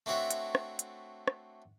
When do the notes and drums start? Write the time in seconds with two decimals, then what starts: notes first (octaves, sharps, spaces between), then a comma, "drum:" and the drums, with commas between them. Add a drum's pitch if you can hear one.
0.06 A3 C4 D4 F#4 C#5 E5
0.31 drum: hi-hat
0.55 drum: rim click
0.79 drum: hi-hat
1.28 drum: rim click